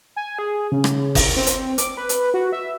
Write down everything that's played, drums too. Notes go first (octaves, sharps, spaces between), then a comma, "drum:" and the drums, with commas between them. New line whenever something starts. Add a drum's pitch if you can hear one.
G#5
G#4
C#3
drum: rim click
drum: kick F#1, open hi-hat
C4
drum: hi-hat
D6, drum: hi-hat
B4
drum: hi-hat
F#4
E5